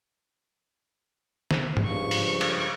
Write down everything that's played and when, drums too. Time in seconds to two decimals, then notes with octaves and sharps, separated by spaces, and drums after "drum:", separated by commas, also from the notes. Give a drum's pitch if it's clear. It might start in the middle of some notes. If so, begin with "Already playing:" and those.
1.51 drum: snare
1.77 drum: tom G#2
1.86 C#2 G2 F3 C#6
2.11 drum: open hi-hat
2.41 drum: cymbal